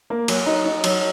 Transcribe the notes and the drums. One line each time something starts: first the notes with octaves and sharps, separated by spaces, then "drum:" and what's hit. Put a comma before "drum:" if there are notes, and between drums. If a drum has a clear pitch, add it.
A#3
F#3, drum: cymbal
D#4
D#4
F#3, drum: cymbal